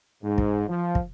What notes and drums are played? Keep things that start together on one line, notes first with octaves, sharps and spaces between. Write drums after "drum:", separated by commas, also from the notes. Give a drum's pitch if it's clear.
G#2
drum: kick
F3
drum: kick